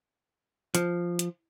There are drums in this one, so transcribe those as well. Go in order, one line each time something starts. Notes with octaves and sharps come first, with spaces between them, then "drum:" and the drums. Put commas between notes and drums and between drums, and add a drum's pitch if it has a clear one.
F3, drum: hi-hat
drum: hi-hat